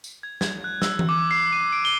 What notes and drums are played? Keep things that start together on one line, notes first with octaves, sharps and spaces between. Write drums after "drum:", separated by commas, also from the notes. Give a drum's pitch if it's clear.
drum: tambourine
G#6
G#6, drum: snare
F#6
E6, drum: snare
drum: tom E3
D6
C7
D#7
D7
G7